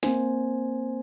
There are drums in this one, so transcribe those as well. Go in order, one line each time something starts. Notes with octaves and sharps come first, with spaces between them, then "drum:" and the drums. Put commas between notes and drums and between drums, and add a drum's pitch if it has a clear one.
A#3 C4 C5 G#5, drum: snare